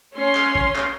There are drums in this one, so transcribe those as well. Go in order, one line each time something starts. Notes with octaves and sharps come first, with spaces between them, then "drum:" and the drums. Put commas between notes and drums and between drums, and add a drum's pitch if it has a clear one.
C#4 C6
drum: clap
drum: kick
drum: clap